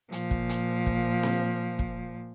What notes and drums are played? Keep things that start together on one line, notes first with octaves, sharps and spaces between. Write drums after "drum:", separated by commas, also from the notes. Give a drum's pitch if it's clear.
A#2 F3, drum: hi-hat
drum: kick
drum: hi-hat
drum: kick
drum: snare C4
drum: kick